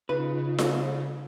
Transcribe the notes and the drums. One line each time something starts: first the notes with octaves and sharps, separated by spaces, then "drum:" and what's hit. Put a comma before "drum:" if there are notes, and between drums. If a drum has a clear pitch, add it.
C#3 D#4 F4 B4
drum: snare F4